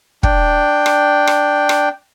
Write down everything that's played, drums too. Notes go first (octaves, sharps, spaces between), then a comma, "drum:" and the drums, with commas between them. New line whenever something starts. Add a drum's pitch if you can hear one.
D4 G5, drum: kick
drum: rim click
drum: rim click
drum: rim click